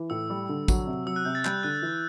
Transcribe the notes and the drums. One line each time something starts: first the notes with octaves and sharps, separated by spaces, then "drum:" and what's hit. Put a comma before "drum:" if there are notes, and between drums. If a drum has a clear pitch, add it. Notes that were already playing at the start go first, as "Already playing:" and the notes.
Already playing: E3
A2 E6
G3
D3
F#3, drum: kick, tambourine
C3
F#3 E6
F#6
C3 G6
A6
G3 G6, drum: clap
D3 F#6
E3